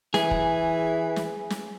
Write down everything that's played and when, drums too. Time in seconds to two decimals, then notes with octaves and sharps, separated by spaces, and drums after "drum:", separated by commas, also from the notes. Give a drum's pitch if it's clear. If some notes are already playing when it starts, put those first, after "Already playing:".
0.14 E3 G#4, drum: snare
0.31 drum: kick
1.16 drum: snare
1.50 drum: snare